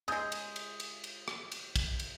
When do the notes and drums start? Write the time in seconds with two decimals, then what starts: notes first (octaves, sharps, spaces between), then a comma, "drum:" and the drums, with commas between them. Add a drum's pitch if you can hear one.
0.08 C#3 G#3 D#6 G6, drum: cymbal
0.32 drum: cymbal
0.56 drum: cymbal
0.80 drum: cymbal
1.04 drum: cymbal
1.28 drum: rim click
1.52 drum: cymbal
1.76 drum: kick, cymbal
2.00 drum: cymbal